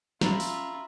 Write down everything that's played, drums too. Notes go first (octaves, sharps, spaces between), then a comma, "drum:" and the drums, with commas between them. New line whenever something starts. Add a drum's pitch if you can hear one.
C#4 F4 E5 A#5 B5 A6, drum: snare
drum: open hi-hat